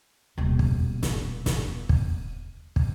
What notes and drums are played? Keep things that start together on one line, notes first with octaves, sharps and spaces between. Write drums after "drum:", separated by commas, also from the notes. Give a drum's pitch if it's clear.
D#1 B2
drum: kick
drum: snare
drum: snare
drum: kick
drum: kick